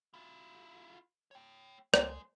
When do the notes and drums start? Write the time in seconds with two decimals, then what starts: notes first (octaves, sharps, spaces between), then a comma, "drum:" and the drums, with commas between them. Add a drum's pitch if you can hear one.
0.14 E4 F4
1.31 C#5 G5
1.94 C#2 G#3, drum: rim click